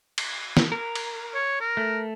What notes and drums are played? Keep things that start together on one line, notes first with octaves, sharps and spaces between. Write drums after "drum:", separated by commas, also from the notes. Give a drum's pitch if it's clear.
drum: cymbal
drum: snare
A#4
drum: cymbal
C#5
A#4
A3